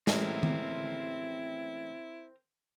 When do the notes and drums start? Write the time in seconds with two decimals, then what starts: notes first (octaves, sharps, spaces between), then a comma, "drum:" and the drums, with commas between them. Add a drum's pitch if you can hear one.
0.07 A1 G#3 C4 E4 A#4, drum: snare
0.43 drum: tom D#3